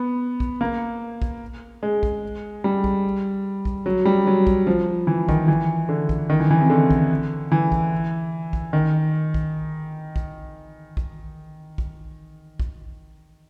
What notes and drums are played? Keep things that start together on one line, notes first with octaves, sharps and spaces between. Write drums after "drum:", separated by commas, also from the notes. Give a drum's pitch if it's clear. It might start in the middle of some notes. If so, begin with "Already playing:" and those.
Already playing: B3
drum: kick A#1
A#3
drum: kick A#1
G#3
drum: kick A#1
G3
drum: kick A#1
drum: kick A#1
F#3
G3
F#3
drum: kick A#1
F3
E3
D#3, drum: kick A#1
E3
D3
drum: kick A#1
D#3
E3
E3
C3
D3
drum: kick A#1
E3
drum: kick A#1
drum: kick A#1
D#3
drum: kick A#1
drum: kick A#1
drum: kick A#1
drum: kick A#1
drum: kick A#1